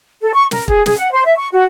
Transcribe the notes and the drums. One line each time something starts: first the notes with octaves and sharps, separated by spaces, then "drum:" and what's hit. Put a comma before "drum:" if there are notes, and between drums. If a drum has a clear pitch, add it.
A4
C#6
A#4, drum: snare
G#4, drum: kick
G#4, drum: snare
F#5
C5
E5
C#6
F#4